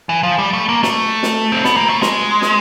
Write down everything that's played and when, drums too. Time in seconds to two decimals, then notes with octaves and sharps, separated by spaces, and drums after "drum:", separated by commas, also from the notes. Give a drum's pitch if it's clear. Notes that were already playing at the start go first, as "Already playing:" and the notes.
0.09 E3
0.23 F3
0.39 G3
0.53 A3
0.69 A#3
0.83 A3, drum: snare
1.23 drum: snare
1.52 C4
1.64 B3, drum: snare
1.77 A#3
1.89 A3
2.02 G#3, drum: snare
2.42 drum: snare